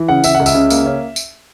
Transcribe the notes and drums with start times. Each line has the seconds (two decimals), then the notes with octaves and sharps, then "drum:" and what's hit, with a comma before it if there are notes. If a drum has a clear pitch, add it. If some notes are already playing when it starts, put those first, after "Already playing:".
Already playing: E3
0.08 C#3 F#5
0.24 C#3 E5, drum: tambourine
0.35 F#5
0.40 C#2
0.46 E5, drum: tambourine
0.55 C#3
0.70 A#3, drum: tambourine
0.86 C#4
1.16 drum: tambourine